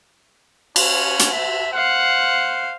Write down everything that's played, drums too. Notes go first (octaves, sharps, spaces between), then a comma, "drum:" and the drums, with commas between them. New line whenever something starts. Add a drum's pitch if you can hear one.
C#4, drum: cymbal
drum: hi-hat
E5
C5 F5 F#5